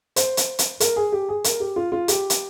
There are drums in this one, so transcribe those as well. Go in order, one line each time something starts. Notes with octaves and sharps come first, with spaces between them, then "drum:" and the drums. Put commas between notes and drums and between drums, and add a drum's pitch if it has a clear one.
C5, drum: hi-hat
drum: hi-hat
drum: hi-hat
A#4, drum: hi-hat
G#4
G4
G#4
A#4, drum: hi-hat
G4
F4
F4
G4, drum: hi-hat
drum: hi-hat